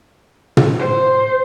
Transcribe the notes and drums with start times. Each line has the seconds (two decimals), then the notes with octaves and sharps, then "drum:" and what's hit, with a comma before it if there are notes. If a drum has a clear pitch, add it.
0.57 drum: tom
0.81 C5